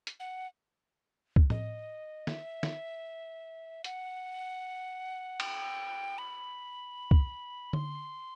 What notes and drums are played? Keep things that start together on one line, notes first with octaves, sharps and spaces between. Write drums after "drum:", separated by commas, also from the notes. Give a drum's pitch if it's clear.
drum: hi-hat
F#5
drum: kick
D#5, drum: tom A2
E5, drum: snare
drum: snare
F#5, drum: hi-hat
G5, drum: cymbal
B5
drum: kick
C6, drum: tom D3